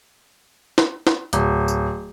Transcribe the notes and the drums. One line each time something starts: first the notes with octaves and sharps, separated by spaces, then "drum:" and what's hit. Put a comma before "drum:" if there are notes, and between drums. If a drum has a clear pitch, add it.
drum: snare
drum: snare
D1, drum: hi-hat
drum: tambourine